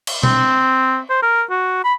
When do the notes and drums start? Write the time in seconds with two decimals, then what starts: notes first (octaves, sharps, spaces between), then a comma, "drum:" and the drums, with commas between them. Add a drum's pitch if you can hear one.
0.07 drum: cymbal
0.23 C4, drum: tom B2
1.10 C5
1.23 A#4
1.50 F#4
1.84 B5